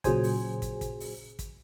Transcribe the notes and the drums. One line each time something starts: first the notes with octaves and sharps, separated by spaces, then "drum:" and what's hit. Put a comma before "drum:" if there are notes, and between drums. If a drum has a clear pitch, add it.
A#2 C#3 F#3 G#4 C5 G#5, drum: kick, hi-hat
drum: open hi-hat
drum: kick, hi-hat
drum: kick, hi-hat
drum: open hi-hat
drum: kick, hi-hat